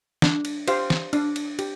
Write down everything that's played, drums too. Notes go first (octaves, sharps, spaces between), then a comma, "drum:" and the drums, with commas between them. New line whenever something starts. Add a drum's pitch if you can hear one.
D4, drum: snare
drum: cymbal
G4 C5 F5, drum: cymbal
drum: snare
D4, drum: cymbal
drum: cymbal
G4, drum: cymbal